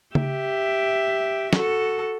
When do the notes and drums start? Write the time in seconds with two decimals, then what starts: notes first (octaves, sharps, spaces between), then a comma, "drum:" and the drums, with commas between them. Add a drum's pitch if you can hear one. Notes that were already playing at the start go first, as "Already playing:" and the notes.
0.15 G4 E5, drum: tom C#3
1.53 F#4 A4, drum: snare